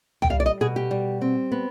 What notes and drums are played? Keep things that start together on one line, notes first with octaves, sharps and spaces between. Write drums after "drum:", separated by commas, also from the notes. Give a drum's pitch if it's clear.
G5, drum: tom C2
G3 F5
D5
D#5
B2 G#4
G4
G3
C4
B3